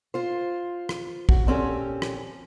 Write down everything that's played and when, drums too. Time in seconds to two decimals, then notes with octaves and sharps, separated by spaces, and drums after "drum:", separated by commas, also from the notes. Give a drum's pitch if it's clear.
0.14 F4 C5
0.89 drum: rim click
1.29 F#4, drum: kick
1.47 A#2 C4 C#4 G4 A4
2.02 drum: rim click